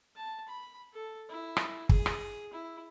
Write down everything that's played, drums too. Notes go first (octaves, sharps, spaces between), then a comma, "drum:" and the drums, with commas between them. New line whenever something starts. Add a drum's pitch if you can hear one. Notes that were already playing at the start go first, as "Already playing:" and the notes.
A5
B5
A4
E4
drum: rim click
G#4, drum: kick
drum: rim click
E4